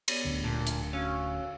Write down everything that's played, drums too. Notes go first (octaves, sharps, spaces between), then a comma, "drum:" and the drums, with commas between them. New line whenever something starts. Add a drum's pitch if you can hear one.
B3 C#5 D5, drum: cymbal
D1 D2 D3
A#2 A5
drum: hi-hat
C#4 F#4 F5 E6